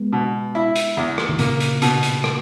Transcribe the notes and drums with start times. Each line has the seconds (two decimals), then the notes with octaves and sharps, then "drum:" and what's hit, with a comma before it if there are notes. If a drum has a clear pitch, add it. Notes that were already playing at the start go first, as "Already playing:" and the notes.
Already playing: G#3 B3
0.13 B2
0.55 E4
0.76 drum: hi-hat
0.97 E2
1.18 drum: rim click
1.29 D#3
1.39 A#2 C#3 A#3, drum: hi-hat
1.60 drum: hi-hat
1.82 B2, drum: hi-hat
2.03 drum: hi-hat
2.24 drum: rim click